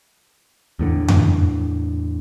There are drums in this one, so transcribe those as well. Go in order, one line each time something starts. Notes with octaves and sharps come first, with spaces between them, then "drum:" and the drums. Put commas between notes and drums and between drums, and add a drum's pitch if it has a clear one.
E2 A2 D3
drum: tom F2